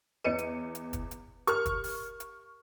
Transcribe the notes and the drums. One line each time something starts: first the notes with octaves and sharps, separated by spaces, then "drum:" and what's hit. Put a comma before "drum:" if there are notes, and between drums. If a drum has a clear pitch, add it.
E2 B4 C#5 D#5 C#7 D#7
drum: hi-hat
drum: hi-hat
drum: kick, hi-hat
drum: hi-hat
G4 A#4 C#6 F6, drum: hi-hat
drum: kick, hi-hat
drum: open hi-hat
drum: hi-hat